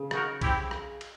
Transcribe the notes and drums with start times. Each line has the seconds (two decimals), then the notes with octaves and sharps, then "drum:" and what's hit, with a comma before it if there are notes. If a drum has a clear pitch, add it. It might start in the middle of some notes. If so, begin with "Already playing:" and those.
Already playing: C#3
0.11 D#4 F#4 A#4, drum: rim click
0.41 C4 E4 G4, drum: kick B1, cymbal
0.71 drum: rim click
1.01 drum: cymbal